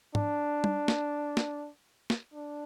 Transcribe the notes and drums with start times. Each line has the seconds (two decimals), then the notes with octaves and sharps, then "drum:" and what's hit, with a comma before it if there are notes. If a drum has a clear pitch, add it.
0.15 D4, drum: tom G#2
0.64 drum: tom G3
0.88 drum: snare
1.37 drum: snare
2.10 drum: snare
2.34 D4